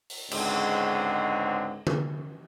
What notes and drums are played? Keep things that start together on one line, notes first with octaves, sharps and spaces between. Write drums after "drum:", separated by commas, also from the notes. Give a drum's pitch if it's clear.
drum: open hi-hat
C#2 G#2 D3 C4 F#4, drum: cymbal
drum: tom D3